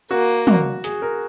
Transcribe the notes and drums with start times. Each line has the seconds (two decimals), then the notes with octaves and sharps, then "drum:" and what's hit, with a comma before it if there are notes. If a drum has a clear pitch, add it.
0.11 A#3 F#4
0.47 F#4, drum: tom
0.84 G#4, drum: hi-hat
1.02 A#4